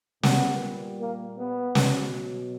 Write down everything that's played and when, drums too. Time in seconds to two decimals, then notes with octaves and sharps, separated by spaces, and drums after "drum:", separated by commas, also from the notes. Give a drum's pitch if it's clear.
0.23 A#2 G3 B3, drum: snare
0.99 A#3
1.37 B3
1.75 B2 F#3, drum: snare